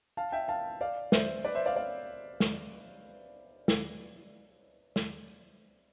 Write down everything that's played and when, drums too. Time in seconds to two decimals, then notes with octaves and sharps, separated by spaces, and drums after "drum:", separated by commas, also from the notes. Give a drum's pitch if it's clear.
0.17 F5 A5
0.32 E5 G5
0.48 F5 A5
0.81 D5 F5
1.12 C5 E5, drum: snare
1.45 B4 D5
1.55 C5 E5
1.66 D5 F5
1.76 D5 F5
2.40 drum: snare
3.68 drum: snare
4.96 drum: snare